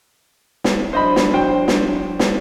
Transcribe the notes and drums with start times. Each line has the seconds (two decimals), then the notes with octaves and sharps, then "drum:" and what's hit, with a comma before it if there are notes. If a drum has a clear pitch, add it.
0.64 drum: snare
0.93 F#3 D4 C5 D#5 B5
1.16 drum: snare
1.33 F#4 C5 G5
1.68 drum: snare
2.19 drum: snare